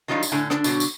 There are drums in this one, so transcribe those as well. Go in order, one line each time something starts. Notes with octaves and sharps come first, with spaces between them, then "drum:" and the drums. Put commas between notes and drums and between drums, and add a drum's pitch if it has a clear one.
D#3 F#3 G3 D#4 F4
drum: tambourine
A2 D3 G#5
D3 D4, drum: rim click
B2 D3 F#3, drum: tambourine
drum: tambourine